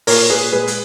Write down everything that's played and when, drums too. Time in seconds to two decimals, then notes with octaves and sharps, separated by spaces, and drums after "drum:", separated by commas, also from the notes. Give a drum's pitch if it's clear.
0.07 A#2 A#4 C#5, drum: open hi-hat
0.30 A#2 G#4 B4
0.52 G#3 G#4 B4
0.67 drum: hi-hat